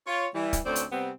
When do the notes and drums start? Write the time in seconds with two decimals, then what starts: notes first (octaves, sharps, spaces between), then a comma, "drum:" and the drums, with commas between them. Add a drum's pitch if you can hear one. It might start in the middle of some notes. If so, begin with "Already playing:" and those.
0.07 F4 C#5
0.35 E3 G3
0.53 drum: kick, hi-hat
0.66 D2 A3 C4 C#4 C5 D5
0.75 drum: hi-hat
0.92 C3 G3 B3 C4